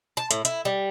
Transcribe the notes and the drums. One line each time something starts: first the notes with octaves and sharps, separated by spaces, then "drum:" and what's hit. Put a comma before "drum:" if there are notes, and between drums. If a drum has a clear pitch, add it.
A5
A2, drum: hi-hat
E4, drum: hi-hat
G3